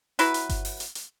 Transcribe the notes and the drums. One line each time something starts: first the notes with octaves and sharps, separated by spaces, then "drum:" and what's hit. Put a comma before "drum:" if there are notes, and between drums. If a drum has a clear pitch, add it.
F#3 E4 B4, drum: hi-hat
drum: hi-hat
drum: kick G1, hi-hat
drum: open hi-hat
drum: hi-hat
drum: hi-hat